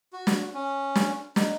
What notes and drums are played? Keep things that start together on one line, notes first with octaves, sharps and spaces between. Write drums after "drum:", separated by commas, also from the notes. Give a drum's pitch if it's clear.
F#4
drum: snare
C#4
drum: snare
D#4, drum: snare